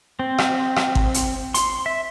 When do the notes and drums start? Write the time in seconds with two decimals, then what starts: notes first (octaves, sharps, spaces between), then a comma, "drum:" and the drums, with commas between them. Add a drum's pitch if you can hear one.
0.19 C4
0.38 drum: rim click
0.76 drum: rim click
0.95 drum: kick G#1
1.14 drum: hi-hat
1.54 C6, drum: hi-hat
1.86 E5